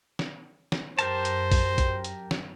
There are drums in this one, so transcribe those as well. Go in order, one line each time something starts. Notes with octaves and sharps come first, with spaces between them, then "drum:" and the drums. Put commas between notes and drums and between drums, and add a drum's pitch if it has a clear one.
drum: snare
drum: snare
F#2 G4 A#4 C5 A5, drum: hi-hat
drum: hi-hat
drum: kick A#1, open hi-hat
drum: kick A#1, hi-hat
drum: hi-hat
drum: snare